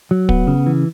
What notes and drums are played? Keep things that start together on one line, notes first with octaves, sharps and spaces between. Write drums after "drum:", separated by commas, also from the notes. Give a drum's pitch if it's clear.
F#3
B3, drum: kick
C#3
E3